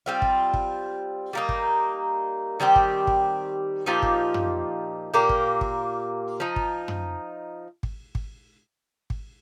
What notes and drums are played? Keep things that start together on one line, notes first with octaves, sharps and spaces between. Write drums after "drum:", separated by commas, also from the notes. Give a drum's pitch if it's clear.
G3 C4 F4
drum: kick G#1
drum: kick G#1
G3 A#3 D#4
drum: kick G#1
D#3 G3 C4 G4
drum: kick G#1
drum: kick G#1
A#2 F3 D#4 G4
drum: kick G#1
drum: tom
A#2 A#3 G4
drum: kick G#1
drum: kick G#1
F3 D#4
drum: kick G#1
drum: tom
drum: kick G#1
drum: kick G#1
drum: kick G#1